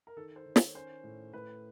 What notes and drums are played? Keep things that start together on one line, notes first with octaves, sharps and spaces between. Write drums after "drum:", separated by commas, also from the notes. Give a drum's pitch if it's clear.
A#4
D#3 A4
C5
D#3
C#5, drum: snare
C#4 C5
A2
A2 B4